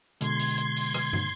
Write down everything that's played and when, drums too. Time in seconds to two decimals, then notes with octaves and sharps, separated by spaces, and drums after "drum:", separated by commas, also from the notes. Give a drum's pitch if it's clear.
0.21 B2 D3 G#3 C6 G#6, drum: hi-hat
0.39 drum: open hi-hat
0.58 drum: hi-hat
0.76 drum: open hi-hat
0.95 drum: rim click
1.13 drum: tom